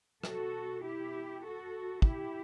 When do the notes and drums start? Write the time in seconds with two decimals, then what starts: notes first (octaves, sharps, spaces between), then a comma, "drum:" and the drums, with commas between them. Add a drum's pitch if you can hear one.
0.24 B2 F#4 A4, drum: rim click
0.83 E4 G4
1.43 F#4 A4
2.02 E4 G4, drum: kick